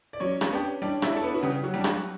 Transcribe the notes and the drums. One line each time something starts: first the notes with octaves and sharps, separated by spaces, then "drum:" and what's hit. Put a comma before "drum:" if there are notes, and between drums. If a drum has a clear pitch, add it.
D5
F#3 C#4 C#5
drum: rim click
B3 D4 G4
G3 D4 D5
E4 E5, drum: rim click
D4 A4
B3 B4
F#4
C#3 G3 G4
F#3 F#4
G3 D4
drum: rim click